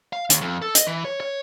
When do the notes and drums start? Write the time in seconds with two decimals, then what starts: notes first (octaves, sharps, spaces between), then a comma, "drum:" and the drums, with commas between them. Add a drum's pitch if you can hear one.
0.13 F5
0.30 D#2, drum: hi-hat
0.41 F2
0.62 A4
0.75 D#5, drum: hi-hat
0.87 E3
1.05 C#5
1.20 C#5